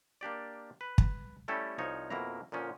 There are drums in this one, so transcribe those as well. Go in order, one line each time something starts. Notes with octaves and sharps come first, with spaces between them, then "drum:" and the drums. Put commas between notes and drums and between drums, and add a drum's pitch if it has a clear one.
A#3 D4 G4 D5
B4
drum: kick
G3 A3 C#4 E4 G4 A4
C2 F3 D#4 C#5
F2 B2 A#3 E4 A#5
A#2 D3 F3 C#4